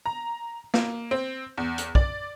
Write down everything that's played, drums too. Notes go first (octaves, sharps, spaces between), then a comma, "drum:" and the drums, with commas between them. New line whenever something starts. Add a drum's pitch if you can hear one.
A#5
A#3, drum: snare
C4
E2
drum: hi-hat
D5, drum: kick